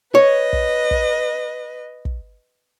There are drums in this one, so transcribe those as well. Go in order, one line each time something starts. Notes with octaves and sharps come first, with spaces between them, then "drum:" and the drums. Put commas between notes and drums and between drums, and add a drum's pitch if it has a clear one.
B4 C#5 D#5
drum: kick
drum: kick
drum: kick